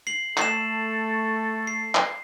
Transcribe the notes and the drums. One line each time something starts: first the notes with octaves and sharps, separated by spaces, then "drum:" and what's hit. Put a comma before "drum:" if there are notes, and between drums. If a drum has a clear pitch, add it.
C7 F#7
A3 A4 C7 E7, drum: clap
C7
drum: clap